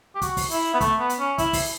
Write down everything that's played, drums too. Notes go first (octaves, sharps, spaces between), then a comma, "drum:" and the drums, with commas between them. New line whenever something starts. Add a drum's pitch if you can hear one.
G4
F#4, drum: kick, hi-hat
drum: kick, open hi-hat
E4, drum: hi-hat
B3
A3, drum: kick, hi-hat
B3
drum: hi-hat
C#4
E4, drum: kick, hi-hat
drum: kick, open hi-hat